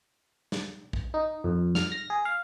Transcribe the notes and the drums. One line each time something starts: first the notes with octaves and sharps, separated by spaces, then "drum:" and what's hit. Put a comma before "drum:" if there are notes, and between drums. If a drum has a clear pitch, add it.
drum: snare
drum: kick
D#4
F2
F6, drum: snare
A#6
G#4
F5